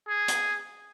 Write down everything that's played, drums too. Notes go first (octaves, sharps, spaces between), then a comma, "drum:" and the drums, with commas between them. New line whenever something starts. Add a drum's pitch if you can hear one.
G#4
drum: hi-hat